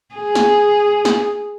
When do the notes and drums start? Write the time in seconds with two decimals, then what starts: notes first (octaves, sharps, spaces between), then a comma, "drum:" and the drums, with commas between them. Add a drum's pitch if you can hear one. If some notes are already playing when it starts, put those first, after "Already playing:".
0.15 G#4
0.35 drum: snare
1.05 drum: snare